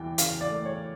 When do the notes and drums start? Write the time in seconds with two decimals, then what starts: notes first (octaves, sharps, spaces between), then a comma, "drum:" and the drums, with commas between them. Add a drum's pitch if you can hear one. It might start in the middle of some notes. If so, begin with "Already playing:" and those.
Already playing: E2 E3 G5
0.18 C#3 F5, drum: hi-hat
0.41 D5
0.50 A3
0.65 C#5